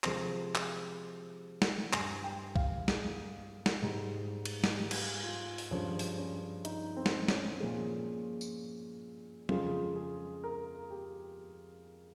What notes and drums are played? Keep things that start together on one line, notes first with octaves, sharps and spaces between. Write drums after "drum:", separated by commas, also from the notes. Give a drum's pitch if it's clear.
C3 F3 G#3 C5, drum: clap
drum: clap
drum: snare
G2 G3 G#5, drum: clap
G5
F5, drum: kick B1
G#4, drum: snare
drum: snare
G#2 G3
drum: cymbal
drum: snare
G4
drum: cymbal
F4
drum: open hi-hat
G2 F3 G#3 C#4
drum: open hi-hat
C#4
D#4, drum: hi-hat
C4
drum: snare
C#4, drum: snare
A#2 F3 G#3
drum: tambourine
F2 C#3 F3 G#3 F4, drum: tom F#3
G#4
A#4
G4